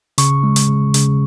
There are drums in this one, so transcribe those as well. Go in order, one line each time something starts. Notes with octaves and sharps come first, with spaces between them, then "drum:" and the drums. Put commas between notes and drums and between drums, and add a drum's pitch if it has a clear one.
C#3 C#6, drum: hi-hat
G#3
drum: hi-hat
C#3
C#3, drum: hi-hat